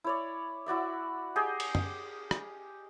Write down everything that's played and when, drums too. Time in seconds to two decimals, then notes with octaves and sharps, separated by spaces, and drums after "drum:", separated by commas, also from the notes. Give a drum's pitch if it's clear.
0.04 E4 C#5 D5
0.66 E4 F#4 D5 E5
1.36 G4 G#4 D#5 G5
1.60 drum: cymbal
1.75 drum: tom
2.31 drum: rim click